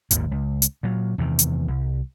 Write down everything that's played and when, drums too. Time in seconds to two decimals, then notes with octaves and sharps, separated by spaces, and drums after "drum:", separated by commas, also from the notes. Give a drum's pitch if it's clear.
0.11 G#1 D#2 A#2, drum: hi-hat
0.31 C#2
0.62 drum: hi-hat
0.83 A#2 F#3
1.18 E2 C3 D#3
1.39 drum: hi-hat
1.68 C2